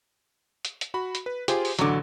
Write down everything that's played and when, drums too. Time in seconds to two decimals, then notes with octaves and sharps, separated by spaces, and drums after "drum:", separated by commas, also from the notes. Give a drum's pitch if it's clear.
0.65 drum: hi-hat
0.81 drum: hi-hat
0.94 F#4 B5
1.15 drum: hi-hat
1.26 B4
1.48 F4 G4 G#4 C5 G#5, drum: hi-hat
1.65 drum: open hi-hat
1.79 A1 D3 F#3 D6, drum: hi-hat